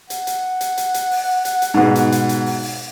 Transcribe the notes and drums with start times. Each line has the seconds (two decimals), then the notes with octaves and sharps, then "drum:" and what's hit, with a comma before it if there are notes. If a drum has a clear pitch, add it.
0.10 F#5, drum: hi-hat
0.27 drum: hi-hat
0.61 drum: hi-hat
0.77 drum: hi-hat
0.94 drum: hi-hat
1.11 drum: open hi-hat
1.45 drum: hi-hat
1.62 drum: hi-hat
1.74 G#2 B2
1.95 drum: hi-hat
2.12 drum: hi-hat
2.29 drum: hi-hat
2.46 drum: open hi-hat
2.63 drum: open hi-hat